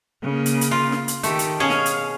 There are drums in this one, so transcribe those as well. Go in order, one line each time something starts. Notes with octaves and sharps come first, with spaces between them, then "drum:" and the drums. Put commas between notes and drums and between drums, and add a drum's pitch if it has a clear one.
C#3 A#3
drum: hi-hat
drum: hi-hat
F4
drum: snare
drum: hi-hat
D#3 A3 G4, drum: hi-hat
drum: hi-hat
B2 C#4 G#4 F5
drum: snare
drum: hi-hat